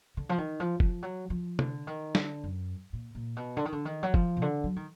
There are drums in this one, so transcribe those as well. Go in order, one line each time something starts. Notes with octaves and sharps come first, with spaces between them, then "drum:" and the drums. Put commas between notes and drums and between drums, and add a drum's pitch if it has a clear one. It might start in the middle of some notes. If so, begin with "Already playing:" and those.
D3
F3
D#3
F3
F3, drum: kick F1
F#3
F3
D3, drum: tom C3
D#3
D3, drum: snare
F#2
A#2
A#2
B2
D3
D#3
D3
D#3
F#3
F3, drum: kick F1
B2
D3
F#3
D#3